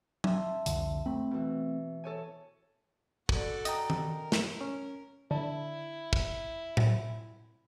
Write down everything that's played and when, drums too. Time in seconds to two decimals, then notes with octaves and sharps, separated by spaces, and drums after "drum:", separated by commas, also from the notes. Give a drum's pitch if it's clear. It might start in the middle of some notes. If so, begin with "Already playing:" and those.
0.24 E5 A5 C6, drum: tom
0.66 C2 F2 D3, drum: hi-hat
1.06 A3 C4 B5
1.31 B2 E3
2.04 A4 C#5 G#5
3.29 F#4 A4 D5, drum: kick
3.65 D#5 G5 A#5, drum: hi-hat
3.90 drum: tom D#3
4.09 A#4
4.32 drum: snare
4.61 C#4
5.31 D3 E4
6.13 drum: kick
6.77 drum: tom A2